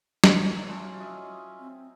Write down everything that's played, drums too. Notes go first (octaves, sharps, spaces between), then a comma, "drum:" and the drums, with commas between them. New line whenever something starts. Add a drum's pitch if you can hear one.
E4 C#5, drum: snare
F#3 A3 C#4 D4 F4
D#5 E5 G#5
C4